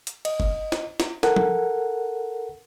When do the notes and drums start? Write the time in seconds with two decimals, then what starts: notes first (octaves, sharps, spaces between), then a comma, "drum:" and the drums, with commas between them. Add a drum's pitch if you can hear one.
0.07 drum: hi-hat
0.25 D#5, drum: cymbal
0.40 drum: kick F#1
0.72 drum: snare
1.00 drum: snare
1.23 A4 A#4 F#5, drum: snare
1.36 drum: tom F3